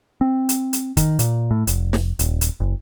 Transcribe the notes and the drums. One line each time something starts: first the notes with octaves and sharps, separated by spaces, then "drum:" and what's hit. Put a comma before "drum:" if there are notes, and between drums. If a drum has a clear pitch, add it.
C4
drum: hi-hat
drum: hi-hat
D#3, drum: kick, hi-hat
A#2, drum: hi-hat
A2
F1, drum: hi-hat
drum: snare
D#1, drum: hi-hat
drum: hi-hat
F#1